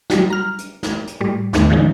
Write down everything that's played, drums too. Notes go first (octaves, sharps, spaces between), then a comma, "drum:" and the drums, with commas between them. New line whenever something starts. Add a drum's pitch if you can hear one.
F#3 G3 F#4, drum: snare
A#5 F6
drum: hi-hat
drum: snare
drum: hi-hat
A2 G3
D#2 A2 D3 D#3 A3 B3, drum: snare
D3 D#3 F3 G#3 C#4 D#4